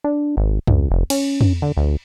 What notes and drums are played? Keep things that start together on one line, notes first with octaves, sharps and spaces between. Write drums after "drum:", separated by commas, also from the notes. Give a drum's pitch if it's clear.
D4
G#1
C#2, drum: tom
F1
C#4, drum: cymbal
drum: tom
D3
D2